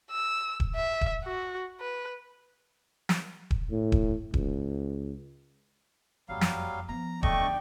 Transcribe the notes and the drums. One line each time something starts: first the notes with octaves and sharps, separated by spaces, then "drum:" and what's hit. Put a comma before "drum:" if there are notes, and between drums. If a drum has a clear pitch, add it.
E6
drum: kick D#1
E5
drum: kick D#1
F#4
B4
drum: snare
drum: kick D#1
A2
drum: kick D#1
C#2, drum: kick D#1
F#1 F2 F#3 G3 F5
drum: snare
F3 B3 A#5
A3 D5 D#5 G5 C#6, drum: kick D#1